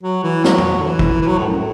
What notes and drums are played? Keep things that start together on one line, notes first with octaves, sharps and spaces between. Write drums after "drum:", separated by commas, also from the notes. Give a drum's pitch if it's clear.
F#3
E3
F#3, drum: snare
drum: tom
D3
E3
drum: kick
E3
F#3
A2
F#2
A2